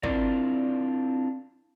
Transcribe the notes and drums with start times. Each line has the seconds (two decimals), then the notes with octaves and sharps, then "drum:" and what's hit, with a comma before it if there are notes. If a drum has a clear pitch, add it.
0.03 C4 D4 E4 F4 A#4 D5, drum: kick